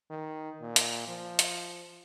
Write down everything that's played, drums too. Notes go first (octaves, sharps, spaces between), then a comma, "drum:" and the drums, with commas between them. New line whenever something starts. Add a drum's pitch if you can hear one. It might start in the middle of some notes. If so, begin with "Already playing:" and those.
D#3
A#2
drum: hi-hat
F3
drum: hi-hat